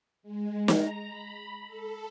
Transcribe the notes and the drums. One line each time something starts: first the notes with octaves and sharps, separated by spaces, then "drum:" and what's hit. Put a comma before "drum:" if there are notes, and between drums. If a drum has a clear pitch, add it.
G#3
A#5, drum: snare
B5
A4